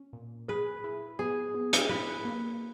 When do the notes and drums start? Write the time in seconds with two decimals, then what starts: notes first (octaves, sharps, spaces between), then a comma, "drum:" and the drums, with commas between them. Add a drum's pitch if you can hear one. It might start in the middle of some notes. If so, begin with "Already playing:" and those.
Already playing: C#4
0.13 A#2
0.48 G#4 B4
0.84 E4
1.19 B3 G#4
1.54 B3
1.73 drum: hi-hat
1.89 E4 B4
2.25 A#3